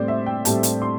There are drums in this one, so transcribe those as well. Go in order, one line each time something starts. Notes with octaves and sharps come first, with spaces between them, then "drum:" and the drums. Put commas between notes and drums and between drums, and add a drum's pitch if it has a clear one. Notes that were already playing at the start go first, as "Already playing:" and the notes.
Already playing: A2 G3 C4 C5 D5
E5
G5
A2 G3 C4 A5, drum: hi-hat
drum: hi-hat
C6